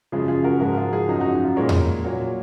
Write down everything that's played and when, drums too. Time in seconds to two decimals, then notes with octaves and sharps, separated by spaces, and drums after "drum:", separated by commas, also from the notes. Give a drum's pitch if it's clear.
0.12 F#2 C#3 F3 G#3 F4 G#4
0.28 F4 G#4
0.44 F#4 A#4
0.60 G#2 F3 G#3 F#4 A#4
0.77 F4 G#4
0.93 F4 G#4
1.08 F#2 F3 G#3 D#4
1.20 D#4 F#4
1.33 D#4
1.44 F4
1.56 A#2 G#3 A#4 C#5
1.69 drum: tom E2
2.04 A#2 F#3